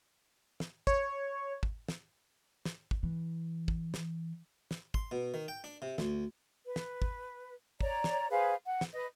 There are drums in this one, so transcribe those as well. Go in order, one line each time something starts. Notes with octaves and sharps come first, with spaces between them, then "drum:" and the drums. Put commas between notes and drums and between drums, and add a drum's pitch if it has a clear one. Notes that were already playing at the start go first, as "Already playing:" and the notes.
drum: snare
C#5, drum: kick
drum: kick
drum: snare
drum: snare
drum: kick
E3
drum: kick
drum: snare
drum: snare
C6, drum: kick
B2
D#3
G5
D4
C3
D2, drum: snare
B4
drum: snare
drum: kick
C#5 D5 A#5, drum: kick
drum: snare
G#4 B4 C5 F5
F#5
drum: snare
B4 D#5